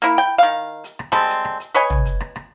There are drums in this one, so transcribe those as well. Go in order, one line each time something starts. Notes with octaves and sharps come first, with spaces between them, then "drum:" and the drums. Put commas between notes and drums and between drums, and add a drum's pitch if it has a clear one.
A#3 E4
G5
D#3 F5
drum: hi-hat
drum: rim click
G3 G#3 C4 A4, drum: rim click
drum: hi-hat
drum: rim click
drum: hi-hat
B4 C#5 D#5 G#5, drum: hi-hat
drum: tom
drum: hi-hat
drum: rim click
drum: rim click